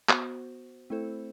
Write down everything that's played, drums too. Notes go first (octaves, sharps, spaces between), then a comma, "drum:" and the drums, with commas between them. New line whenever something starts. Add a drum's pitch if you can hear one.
B3 F#4 C5, drum: clap
A3 C4 E4 A4 C5